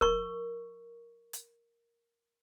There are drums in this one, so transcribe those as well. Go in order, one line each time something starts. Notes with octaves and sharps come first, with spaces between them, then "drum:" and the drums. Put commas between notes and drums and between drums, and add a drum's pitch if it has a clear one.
A#4 C#6, drum: kick
drum: hi-hat